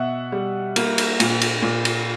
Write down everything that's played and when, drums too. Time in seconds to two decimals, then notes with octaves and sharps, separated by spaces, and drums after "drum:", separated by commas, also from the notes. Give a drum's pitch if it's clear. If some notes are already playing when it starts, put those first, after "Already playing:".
Already playing: B2 E5 F#5
0.32 G3
0.76 A#3, drum: cymbal
0.98 drum: cymbal
1.20 A#2, drum: cymbal
1.41 drum: cymbal
1.63 A#2
1.85 drum: cymbal